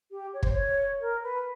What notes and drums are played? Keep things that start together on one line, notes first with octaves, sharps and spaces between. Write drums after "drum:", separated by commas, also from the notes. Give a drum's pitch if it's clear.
G4
C#5
C5, drum: kick
C#5
A#4
B4